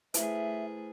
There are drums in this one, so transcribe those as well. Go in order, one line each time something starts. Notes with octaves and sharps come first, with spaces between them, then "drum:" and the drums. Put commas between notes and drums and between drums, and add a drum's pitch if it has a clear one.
A3 E4 G#4 B4 C5 E5, drum: hi-hat